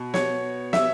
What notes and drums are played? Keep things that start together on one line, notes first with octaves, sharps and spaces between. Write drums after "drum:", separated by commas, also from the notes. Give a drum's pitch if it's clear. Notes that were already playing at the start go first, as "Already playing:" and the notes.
Already playing: B2
C#5, drum: snare
E5, drum: snare